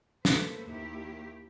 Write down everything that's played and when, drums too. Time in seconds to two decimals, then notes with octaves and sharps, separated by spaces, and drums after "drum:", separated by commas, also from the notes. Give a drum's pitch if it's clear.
0.25 A3 A#3 A4 B4 C5, drum: snare
0.65 D#2 E4 G4